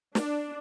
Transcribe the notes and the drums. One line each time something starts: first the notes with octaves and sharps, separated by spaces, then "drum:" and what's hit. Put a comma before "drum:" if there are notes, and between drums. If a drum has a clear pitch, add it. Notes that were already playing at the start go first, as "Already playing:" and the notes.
D4, drum: snare